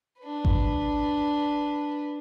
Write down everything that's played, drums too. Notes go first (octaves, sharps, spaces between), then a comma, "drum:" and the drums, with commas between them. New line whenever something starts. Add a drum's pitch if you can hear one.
D4 B4
drum: kick G#1